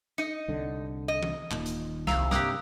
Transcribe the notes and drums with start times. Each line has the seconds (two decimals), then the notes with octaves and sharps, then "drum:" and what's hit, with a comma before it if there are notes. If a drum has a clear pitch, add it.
0.18 D#4 D#5 C#7
0.48 C2 D3
1.08 D#5
1.23 drum: tom E3
1.51 D#1 A#2 D#3, drum: clap
1.66 drum: hi-hat
2.07 C2 F5 A#5 E6, drum: snare
2.31 G2 C3 A#3 G4 D#6 E6 F#6, drum: snare